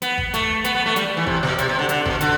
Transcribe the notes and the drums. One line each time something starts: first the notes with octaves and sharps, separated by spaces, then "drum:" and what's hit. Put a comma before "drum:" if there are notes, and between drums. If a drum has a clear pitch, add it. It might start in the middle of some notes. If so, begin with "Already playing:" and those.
B3, drum: hi-hat
drum: kick G#1
A3, drum: hi-hat
B3, drum: hi-hat
B3
A3
G3, drum: hi-hat
E3
C3, drum: kick G#1
B2, drum: snare
C3, drum: hi-hat
C3
D3
D3, drum: hi-hat
B2, drum: kick G#1
D3, drum: hi-hat